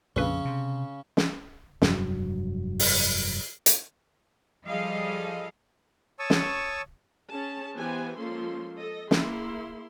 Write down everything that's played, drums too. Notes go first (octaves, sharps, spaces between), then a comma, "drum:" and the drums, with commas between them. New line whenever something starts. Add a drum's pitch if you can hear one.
A#1 F2 C#3 C#4 B4
C3
drum: snare
F1 G2 C3 F#3, drum: snare
drum: open hi-hat
drum: hi-hat
F3 G3 G#4 A4 D#5 F5
C#5 A5 C#6 D#6 E6
drum: snare
C#4 G#4 A5
E3 B3 G4 C5 G#5
F3 G#3 A#3 C#4 A4 C6
A4 D#5
A#3 E4 G#4 C6, drum: snare